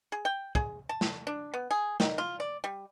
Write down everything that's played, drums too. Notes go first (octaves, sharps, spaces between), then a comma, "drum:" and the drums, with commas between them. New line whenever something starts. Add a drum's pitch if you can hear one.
G#4
G5
G#4, drum: kick
A5
drum: snare
D4
B3
G#4
D#3, drum: snare
F4
D5
G3